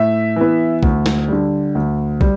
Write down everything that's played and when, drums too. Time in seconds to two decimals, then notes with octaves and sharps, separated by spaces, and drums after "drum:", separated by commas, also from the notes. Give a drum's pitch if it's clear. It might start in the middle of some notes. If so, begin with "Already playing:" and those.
Already playing: A2 E5
0.36 E3 B3
0.83 D2, drum: kick
1.06 drum: snare
1.28 D3 G3
1.75 D2
2.21 G3, drum: kick